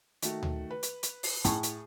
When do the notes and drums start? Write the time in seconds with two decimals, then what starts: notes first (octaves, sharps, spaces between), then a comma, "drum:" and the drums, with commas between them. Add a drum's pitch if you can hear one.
0.22 D#3 A3 F#4, drum: hi-hat
0.43 drum: tom D2
0.70 B4
0.83 drum: hi-hat
1.03 drum: hi-hat
1.23 drum: open hi-hat
1.45 A2 G#4 C#6, drum: kick, hi-hat
1.63 drum: hi-hat